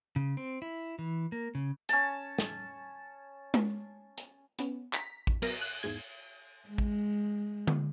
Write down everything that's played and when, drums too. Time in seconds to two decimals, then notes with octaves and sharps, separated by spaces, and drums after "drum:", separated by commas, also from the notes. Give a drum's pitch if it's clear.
0.16 C#3
0.37 C4
0.62 E4
0.99 E3
1.32 A#3
1.55 C#3
1.89 C#4 A5, drum: hi-hat
2.38 drum: snare
3.54 drum: tom G#3
4.18 drum: hi-hat
4.59 B3 C#4, drum: hi-hat
4.93 A#5 B6, drum: clap
5.27 drum: kick A1
5.42 F#3 B3 A#4 A#6, drum: cymbal
5.61 F#6
5.83 E2 G#2 G#3 G#6
6.69 G#3
6.78 drum: kick A1
7.67 drum: tom D3